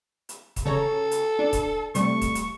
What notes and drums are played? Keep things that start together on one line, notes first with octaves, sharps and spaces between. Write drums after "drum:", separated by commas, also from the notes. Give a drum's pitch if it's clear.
drum: hi-hat
drum: kick, hi-hat
C#3 A4 C#5 A#5
drum: hi-hat
D4
drum: kick, hi-hat
C3 G3 A3 C#6, drum: hi-hat
drum: kick, hi-hat
drum: hi-hat